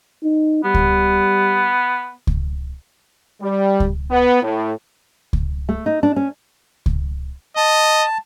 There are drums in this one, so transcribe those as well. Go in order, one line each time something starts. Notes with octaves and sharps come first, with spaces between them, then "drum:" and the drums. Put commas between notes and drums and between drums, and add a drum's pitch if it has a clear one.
D#4
G3 B3
drum: kick C#2
drum: kick C#2
G3
drum: kick C#2
B3
A2
drum: kick C#2
A3
D#4
D4
C#4
drum: kick C#2
D#5 A5